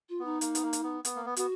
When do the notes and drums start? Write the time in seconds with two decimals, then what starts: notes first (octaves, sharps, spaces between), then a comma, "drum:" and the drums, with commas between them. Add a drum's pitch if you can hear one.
0.09 F4
0.20 B3
0.25 D#4
0.41 A#3, drum: hi-hat
0.55 B3, drum: hi-hat
0.62 A#3
0.73 drum: hi-hat
0.84 B3
1.05 B3, drum: hi-hat
1.16 A#3
1.26 B3
1.37 B3 F#4, drum: hi-hat